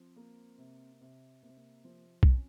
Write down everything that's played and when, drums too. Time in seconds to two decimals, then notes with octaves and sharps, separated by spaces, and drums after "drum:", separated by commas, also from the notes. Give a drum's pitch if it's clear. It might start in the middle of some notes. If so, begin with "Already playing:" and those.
Already playing: F3 C4
0.16 A#3
0.58 C3
1.01 C3
1.43 C3 A#3
1.50 C4
1.57 A#3
1.85 F3
2.23 A#3, drum: kick B1
2.27 C4 C#4